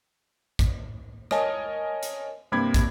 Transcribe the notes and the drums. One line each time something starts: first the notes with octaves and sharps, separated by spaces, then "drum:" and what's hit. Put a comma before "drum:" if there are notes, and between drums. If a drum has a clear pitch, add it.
drum: kick, hi-hat
A#4 C#5 D#5 G#5 A5, drum: rim click
drum: hi-hat
G2 C3 A#3 B5 G#6
drum: kick, hi-hat